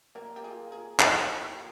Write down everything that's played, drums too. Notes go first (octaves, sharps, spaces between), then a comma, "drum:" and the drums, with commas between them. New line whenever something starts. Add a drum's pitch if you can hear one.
A#3 A#4
G4
F4 G#4
A#3 G#4
F4 G4, drum: clap
A#3
G4
F4